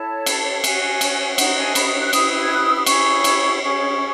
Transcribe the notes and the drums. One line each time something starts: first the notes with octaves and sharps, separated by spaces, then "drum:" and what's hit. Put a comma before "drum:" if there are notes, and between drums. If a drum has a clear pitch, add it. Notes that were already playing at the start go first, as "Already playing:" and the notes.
Already playing: E4 A4 C#5 A5
drum: cymbal
F#4 C#5 G#5, drum: cymbal
drum: cymbal
D#4 F#4 A4 C#5 F#5, drum: cymbal
G#5
B5, drum: cymbal
D#6
F#6
E4 B4 D#6, drum: cymbal
G#6
F#6
E6
D#6
E4 G#4 C#5 C#6, drum: cymbal
drum: cymbal
C#4 G#4 C#5 C#6